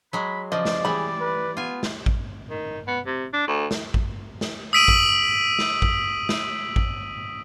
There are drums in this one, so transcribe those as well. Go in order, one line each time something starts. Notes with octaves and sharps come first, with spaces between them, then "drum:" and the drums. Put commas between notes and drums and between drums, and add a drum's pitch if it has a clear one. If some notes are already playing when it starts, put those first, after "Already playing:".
F#3 G#3 B5
C#3 F3 D5 D#5
drum: snare
E3 G3 G#4 B5
B4
B3 F4 G#5
drum: snare
drum: kick A1
D#3
B3
C3
D4
D2
drum: snare
drum: kick A1
drum: snare
D#6 E6 B6 D7 D#7 F#7
drum: kick A1
drum: snare
drum: kick A1
drum: snare
drum: kick A1